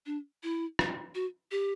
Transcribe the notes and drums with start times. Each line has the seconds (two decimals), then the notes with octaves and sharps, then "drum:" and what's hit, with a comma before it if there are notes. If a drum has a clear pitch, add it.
0.06 D4
0.43 E4
0.79 drum: rim click
1.15 F#4
1.51 G4